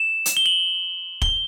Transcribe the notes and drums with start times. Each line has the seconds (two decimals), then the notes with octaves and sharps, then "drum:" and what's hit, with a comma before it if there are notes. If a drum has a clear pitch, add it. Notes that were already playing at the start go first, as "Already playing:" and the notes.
Already playing: E7
0.26 drum: hi-hat
0.37 G7
0.46 F#7
1.22 G7, drum: kick